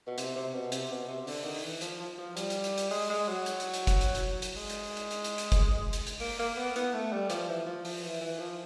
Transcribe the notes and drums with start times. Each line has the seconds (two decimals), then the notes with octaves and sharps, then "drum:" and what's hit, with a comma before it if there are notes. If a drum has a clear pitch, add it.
0.07 B2
0.18 C3, drum: hi-hat
0.36 C3
0.54 B2
0.72 C3, drum: hi-hat
0.91 B2
1.08 C3
1.27 D3, drum: open hi-hat
1.45 D#3
1.54 drum: open hi-hat
1.63 E3
1.81 F3, drum: hi-hat
2.00 F3
2.19 F3
2.37 G3, drum: hi-hat
2.50 drum: hi-hat
2.64 drum: hi-hat
2.78 drum: hi-hat
2.91 G#3, drum: open hi-hat
3.10 G#3
3.28 F#3
3.46 drum: hi-hat
3.60 drum: hi-hat
3.74 drum: hi-hat
3.87 drum: kick F#1, hi-hat
4.01 drum: hi-hat
4.15 drum: hi-hat
4.42 drum: hi-hat
4.56 G#3, drum: open hi-hat
4.70 drum: hi-hat
4.83 drum: open hi-hat
4.97 drum: hi-hat
5.11 drum: hi-hat
5.24 drum: hi-hat
5.38 drum: hi-hat
5.52 drum: kick F#1, hi-hat
5.93 drum: hi-hat
6.07 drum: hi-hat
6.20 A#3, drum: open hi-hat
6.39 A#3
6.57 B3
6.76 B3, drum: hi-hat
6.94 A3
7.12 G3
7.30 F3, drum: hi-hat
7.49 E3
7.66 F3
7.85 F3, drum: open hi-hat
8.04 E3
8.21 E3
8.39 F3